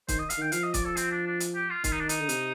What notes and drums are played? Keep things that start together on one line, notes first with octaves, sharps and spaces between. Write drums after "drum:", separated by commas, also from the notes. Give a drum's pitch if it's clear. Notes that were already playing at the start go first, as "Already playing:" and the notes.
D#3 C5, drum: kick, hi-hat
D#5
F5, drum: hi-hat
D#3 G5
F3 F5, drum: hi-hat
D#5
D5, drum: kick, hi-hat
A4
C4, drum: hi-hat
D4
D4
drum: hi-hat
G4
F4
D#3 F4, drum: kick, hi-hat
D#4
D4
D#4, drum: hi-hat
D3
C3, drum: hi-hat